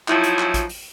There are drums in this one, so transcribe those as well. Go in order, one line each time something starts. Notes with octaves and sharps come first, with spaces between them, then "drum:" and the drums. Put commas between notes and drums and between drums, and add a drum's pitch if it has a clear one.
F3 F#3 D#4 E4, drum: clap
drum: hi-hat
drum: clap
drum: kick A1, hi-hat
drum: open hi-hat